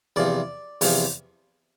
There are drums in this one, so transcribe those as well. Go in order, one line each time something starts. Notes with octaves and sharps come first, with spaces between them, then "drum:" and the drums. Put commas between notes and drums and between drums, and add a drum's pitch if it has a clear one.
E2 C3 F3 D5
E2 C3 F3, drum: open hi-hat